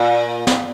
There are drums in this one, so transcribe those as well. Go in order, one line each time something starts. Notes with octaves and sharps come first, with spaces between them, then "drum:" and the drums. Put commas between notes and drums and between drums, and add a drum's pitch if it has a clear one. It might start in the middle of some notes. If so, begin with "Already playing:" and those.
Already playing: A#2
drum: snare